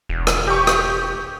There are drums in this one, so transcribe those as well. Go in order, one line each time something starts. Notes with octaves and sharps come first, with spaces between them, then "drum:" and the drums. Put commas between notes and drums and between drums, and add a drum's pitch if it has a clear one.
E1
drum: rim click
G4 C#6
drum: rim click